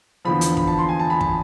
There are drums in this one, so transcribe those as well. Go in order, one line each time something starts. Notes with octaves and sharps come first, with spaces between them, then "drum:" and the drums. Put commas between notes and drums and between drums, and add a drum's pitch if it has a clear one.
E2 D3 F3 B5
drum: hi-hat
B5, drum: kick
A5
C6
G#5
A5
B5
A5, drum: kick